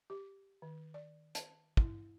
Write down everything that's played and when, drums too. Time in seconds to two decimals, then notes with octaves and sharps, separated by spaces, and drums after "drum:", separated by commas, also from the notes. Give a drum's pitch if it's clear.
0.10 G4
0.62 D#3
0.94 D5
1.35 A5, drum: hi-hat
1.77 E4, drum: kick